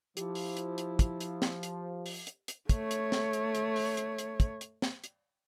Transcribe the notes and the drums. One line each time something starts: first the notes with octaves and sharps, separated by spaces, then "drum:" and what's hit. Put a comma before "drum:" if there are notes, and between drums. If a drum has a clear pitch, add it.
F3 E4 G4, drum: hi-hat
drum: open hi-hat
drum: hi-hat
drum: hi-hat
drum: kick, hi-hat
drum: hi-hat
drum: snare
drum: hi-hat
drum: open hi-hat
drum: hi-hat
drum: hi-hat
A3 C#5, drum: kick, hi-hat
drum: hi-hat
drum: snare
drum: hi-hat
drum: hi-hat
drum: open hi-hat
drum: hi-hat
drum: hi-hat
drum: kick, hi-hat
drum: hi-hat
drum: snare
drum: hi-hat